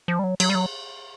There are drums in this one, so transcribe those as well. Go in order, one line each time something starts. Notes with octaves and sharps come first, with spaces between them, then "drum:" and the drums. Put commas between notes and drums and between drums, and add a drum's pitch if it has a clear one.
F3
G3
F#3
F#3, drum: cymbal
G3
F#3